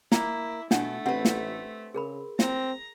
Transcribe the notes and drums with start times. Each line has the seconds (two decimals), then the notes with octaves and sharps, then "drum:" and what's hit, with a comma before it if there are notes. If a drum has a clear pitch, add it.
0.12 A#3 E4, drum: snare
0.71 B2 A3 D4 F#5, drum: snare
1.06 A1 C4 G4 B4 F#5
1.25 drum: snare
1.94 C#3 G#4 A#4 B5
2.39 C4 A#5, drum: snare